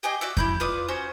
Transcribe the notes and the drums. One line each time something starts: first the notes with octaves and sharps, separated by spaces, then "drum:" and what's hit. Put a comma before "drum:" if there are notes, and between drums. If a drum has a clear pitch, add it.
G4 G#4 D#5 G5
F#4 D5 E5
E4 B5 G6, drum: kick F2
F4 B4 D5 D#6
C#4 F#4 C5